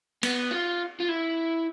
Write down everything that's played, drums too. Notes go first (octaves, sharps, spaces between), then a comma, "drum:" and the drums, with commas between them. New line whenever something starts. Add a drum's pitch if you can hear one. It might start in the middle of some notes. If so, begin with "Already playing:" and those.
B3, drum: cymbal
F4
F4
E4